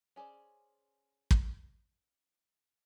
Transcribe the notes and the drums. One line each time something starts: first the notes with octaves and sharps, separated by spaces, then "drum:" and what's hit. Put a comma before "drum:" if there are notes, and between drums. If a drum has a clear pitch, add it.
C#4 G#4 C5 D5
drum: kick